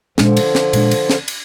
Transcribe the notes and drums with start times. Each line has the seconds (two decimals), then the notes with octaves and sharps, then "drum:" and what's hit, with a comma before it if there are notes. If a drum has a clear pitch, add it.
0.18 A#2 D3 F3 G#3 D4, drum: snare
0.37 drum: cymbal
0.55 drum: snare
0.73 A#2 G#3 D4, drum: cymbal
0.91 drum: cymbal
1.10 drum: snare
1.28 drum: cymbal